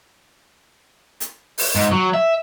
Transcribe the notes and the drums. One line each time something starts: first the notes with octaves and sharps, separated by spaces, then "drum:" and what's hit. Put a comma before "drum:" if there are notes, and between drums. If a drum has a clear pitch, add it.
drum: hi-hat
drum: open hi-hat
G#2
F#3
E5